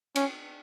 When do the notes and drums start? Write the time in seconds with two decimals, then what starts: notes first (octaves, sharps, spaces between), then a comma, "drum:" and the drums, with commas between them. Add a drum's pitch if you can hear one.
0.16 C#4, drum: cymbal